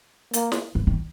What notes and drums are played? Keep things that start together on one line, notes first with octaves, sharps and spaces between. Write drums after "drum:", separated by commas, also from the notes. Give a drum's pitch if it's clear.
A#3, drum: hi-hat
drum: snare
F3
D#3